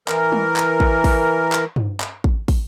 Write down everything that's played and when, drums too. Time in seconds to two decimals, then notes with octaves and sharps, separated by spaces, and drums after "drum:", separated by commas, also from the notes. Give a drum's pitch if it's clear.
0.08 E3 A#4, drum: clap
0.32 drum: tom G3
0.56 drum: clap
0.80 drum: kick
1.04 drum: kick, open hi-hat
1.52 drum: clap
1.76 drum: tom G2
2.00 drum: clap
2.24 drum: kick
2.48 drum: kick, open hi-hat